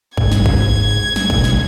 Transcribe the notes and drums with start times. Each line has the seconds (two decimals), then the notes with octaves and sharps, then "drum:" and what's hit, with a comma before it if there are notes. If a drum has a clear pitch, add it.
0.17 G#2 G#6, drum: kick
0.32 drum: snare
0.46 drum: kick
1.16 drum: snare
1.30 B2, drum: kick
1.44 drum: snare